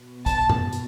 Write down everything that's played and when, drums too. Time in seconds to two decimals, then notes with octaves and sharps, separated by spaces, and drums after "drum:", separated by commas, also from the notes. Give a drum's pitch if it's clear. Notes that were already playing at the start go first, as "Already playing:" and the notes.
Already playing: B2
0.26 A5, drum: kick, hi-hat
0.49 drum: tom F#2
0.72 drum: hi-hat